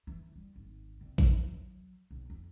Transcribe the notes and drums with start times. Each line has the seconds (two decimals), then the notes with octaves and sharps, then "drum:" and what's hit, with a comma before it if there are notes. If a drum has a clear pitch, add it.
0.07 E3
0.36 G3
0.56 G#1
1.01 C2
1.18 F3, drum: kick A1
1.48 F#3
2.11 B1
2.30 F2